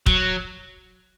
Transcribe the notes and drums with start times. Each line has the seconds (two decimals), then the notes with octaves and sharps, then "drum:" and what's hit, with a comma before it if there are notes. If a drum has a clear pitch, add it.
0.06 F#3, drum: kick D#1